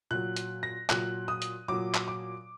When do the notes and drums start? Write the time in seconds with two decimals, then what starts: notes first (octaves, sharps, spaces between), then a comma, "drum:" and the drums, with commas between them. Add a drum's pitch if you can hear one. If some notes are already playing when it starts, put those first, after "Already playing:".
0.11 A#2 F#3 F#6
0.36 drum: hi-hat
0.63 A#6
0.90 A#2 F#3 F#6, drum: clap
1.28 D#6
1.42 drum: hi-hat
1.68 A#2 F#3 D6
1.94 drum: clap
2.08 D6